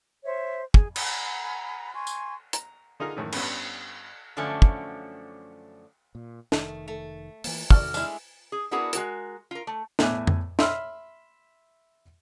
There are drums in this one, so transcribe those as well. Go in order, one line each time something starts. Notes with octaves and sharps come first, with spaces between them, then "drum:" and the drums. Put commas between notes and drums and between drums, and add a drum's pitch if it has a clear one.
C5 C#5 E5
G#4 G#5, drum: kick
F#5 G#5 A#5 B5, drum: cymbal
G#5 C6 C#6
drum: tambourine
A#5, drum: hi-hat
D3 D#4 F4 G#4 A#4
F#2 A2 D#3 E3
G2 B3 C#4 B5, drum: cymbal
F#2 D3 F3 A3 C#4 D4
drum: kick
A#2
F1 D#3 A3, drum: snare
A3
E3 A#3, drum: open hi-hat
E2 C3 D#3 F#4 A4 D5 F6, drum: kick
G#3 D4 E4 E5, drum: tambourine
G#4
B3 D4 E4 F#4 G#4 A#4
G#3 F#4 A#4, drum: hi-hat
F4 A#4
A3
E2 A2 E5 G#5 D6 F#6, drum: snare
drum: tom F2
E5 B5 C6 E6 F6, drum: snare